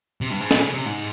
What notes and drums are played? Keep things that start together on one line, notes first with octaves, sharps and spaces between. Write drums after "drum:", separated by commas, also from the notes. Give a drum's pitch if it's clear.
C3
G2
G#2
A#2, drum: snare
C#3
C3
G#2